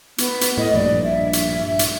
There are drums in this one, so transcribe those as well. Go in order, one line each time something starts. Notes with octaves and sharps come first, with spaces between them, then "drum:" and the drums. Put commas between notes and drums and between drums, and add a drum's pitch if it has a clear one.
B3, drum: hi-hat
drum: hi-hat
A2 D#5
A#1 G2 D5
E5
drum: hi-hat
drum: hi-hat